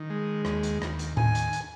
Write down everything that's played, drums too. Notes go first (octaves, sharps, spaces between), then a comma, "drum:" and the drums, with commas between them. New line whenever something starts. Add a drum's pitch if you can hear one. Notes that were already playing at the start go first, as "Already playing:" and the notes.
Already playing: D#3
G#3
D#2, drum: rim click
drum: hi-hat
D#2, drum: rim click
drum: hi-hat
D#2 G#5, drum: tom A2
drum: hi-hat
drum: hi-hat